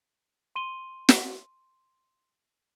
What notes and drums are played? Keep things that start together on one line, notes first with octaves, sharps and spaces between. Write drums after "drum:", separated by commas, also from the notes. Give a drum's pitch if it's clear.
C6 D#7 G7
drum: snare